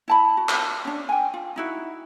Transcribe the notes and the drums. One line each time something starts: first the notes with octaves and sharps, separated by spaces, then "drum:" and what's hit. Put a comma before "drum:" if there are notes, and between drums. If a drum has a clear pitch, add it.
E4 A5 B5
F#4
drum: clap
C#4 D4
G5 G#5
F4
D#4 E4 F#4